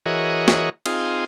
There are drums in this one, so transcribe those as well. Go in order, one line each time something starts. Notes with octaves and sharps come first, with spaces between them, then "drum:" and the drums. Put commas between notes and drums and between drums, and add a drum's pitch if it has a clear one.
E3 F#4 G#4 A#4 C#5 D#5
drum: snare
C4 D#4 F4 G#4, drum: cymbal